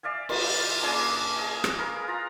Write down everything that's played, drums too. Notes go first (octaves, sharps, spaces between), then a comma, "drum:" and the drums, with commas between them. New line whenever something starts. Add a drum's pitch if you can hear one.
D5 E5 F5 G#5
F4, drum: cymbal
A#3 C#4 D4 G#4
G#4 D#5 G#5
drum: rim click
G#4 A#4 B4 F5
F4 A#5